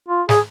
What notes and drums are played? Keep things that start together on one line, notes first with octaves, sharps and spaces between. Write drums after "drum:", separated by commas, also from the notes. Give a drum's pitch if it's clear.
F4
G#4, drum: snare